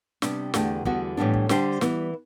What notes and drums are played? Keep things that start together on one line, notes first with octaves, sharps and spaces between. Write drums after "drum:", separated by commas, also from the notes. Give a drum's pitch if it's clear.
C3 G3 B3 D4, drum: snare
E2 D3 A3 D4 G4, drum: snare
E2 D3 G3 B3 F#4, drum: kick
A2 E3 G3 B3 D4
drum: kick
D3 G3 D4 G4 C5, drum: snare
E3 G3 B3, drum: snare